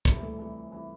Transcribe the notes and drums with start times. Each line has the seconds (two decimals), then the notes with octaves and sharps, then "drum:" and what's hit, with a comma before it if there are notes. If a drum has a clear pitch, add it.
0.05 C2 C3 E3 G3, drum: kick
0.23 A3
0.39 C2 C3 E3
0.72 C3 E3